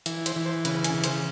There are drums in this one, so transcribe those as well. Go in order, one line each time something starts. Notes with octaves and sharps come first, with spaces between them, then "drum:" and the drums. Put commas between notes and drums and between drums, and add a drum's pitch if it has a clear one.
E3, drum: hi-hat
C5, drum: hi-hat
E3
C5
C#3 B4, drum: hi-hat
G#4, drum: hi-hat
C#3
C5, drum: hi-hat